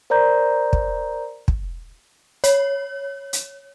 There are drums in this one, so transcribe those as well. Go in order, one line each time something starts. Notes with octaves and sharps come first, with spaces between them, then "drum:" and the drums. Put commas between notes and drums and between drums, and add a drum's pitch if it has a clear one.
A#4 C5 D5 A#5 G6
drum: kick
drum: kick
C#5, drum: hi-hat
drum: hi-hat